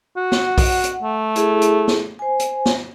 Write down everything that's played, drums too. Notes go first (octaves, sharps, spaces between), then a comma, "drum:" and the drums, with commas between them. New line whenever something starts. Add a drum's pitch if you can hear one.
F#4
drum: snare
F#5
drum: kick B1, open hi-hat
drum: hi-hat
A3
E4 G#4 A4, drum: hi-hat
drum: hi-hat
drum: snare
C5 G#5
drum: hi-hat
drum: snare